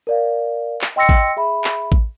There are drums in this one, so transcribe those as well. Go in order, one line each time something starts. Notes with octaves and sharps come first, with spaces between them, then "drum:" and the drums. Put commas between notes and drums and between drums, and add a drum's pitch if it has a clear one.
A#4 D5 F5
drum: clap
D#5 G5 C6 E6 A#6 C#7
drum: kick A1
G#4 E5 B5
drum: clap
drum: kick A1